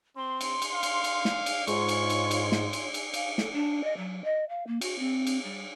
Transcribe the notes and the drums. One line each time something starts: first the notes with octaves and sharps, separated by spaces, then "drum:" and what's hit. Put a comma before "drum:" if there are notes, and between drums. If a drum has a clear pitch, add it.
C4 C6
drum: cymbal
drum: cymbal
F5
drum: cymbal
drum: cymbal
drum: snare
drum: cymbal
G#2 F4 C#5 C6 C#6, drum: cymbal
drum: cymbal
drum: cymbal
drum: cymbal
drum: snare
drum: cymbal
drum: cymbal
F5, drum: cymbal
A4, drum: snare
D4
D#5
F#3
D#5
F5
A#3
F#4, drum: cymbal
C4
drum: cymbal
G3